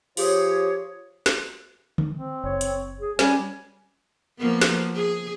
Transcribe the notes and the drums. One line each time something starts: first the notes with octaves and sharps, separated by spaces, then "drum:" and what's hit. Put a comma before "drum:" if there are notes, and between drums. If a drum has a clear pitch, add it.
F3 G4 G#4 C#5, drum: open hi-hat
drum: snare
drum: tom D3
C4
F#1 C#5
drum: hi-hat
G#4
G3 C#4 G#5, drum: snare
F3 A#3 B3
drum: snare
G#4